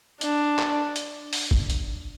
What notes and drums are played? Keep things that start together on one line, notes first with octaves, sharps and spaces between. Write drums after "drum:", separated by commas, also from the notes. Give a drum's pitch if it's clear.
D4, drum: hi-hat
drum: clap
drum: hi-hat
drum: open hi-hat
drum: kick
drum: hi-hat